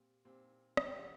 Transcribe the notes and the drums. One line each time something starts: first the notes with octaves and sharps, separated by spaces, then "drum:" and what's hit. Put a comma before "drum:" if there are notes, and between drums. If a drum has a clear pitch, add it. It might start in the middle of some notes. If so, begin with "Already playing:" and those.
Already playing: A#2 G3 C4
A#2 G3 C4
drum: rim click
G5
C#3 F3 A#3 E5 F#5